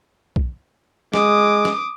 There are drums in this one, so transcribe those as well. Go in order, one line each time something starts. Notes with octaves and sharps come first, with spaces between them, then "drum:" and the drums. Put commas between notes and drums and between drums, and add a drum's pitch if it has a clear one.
drum: kick B1
G#3 D6 D#6, drum: snare
drum: snare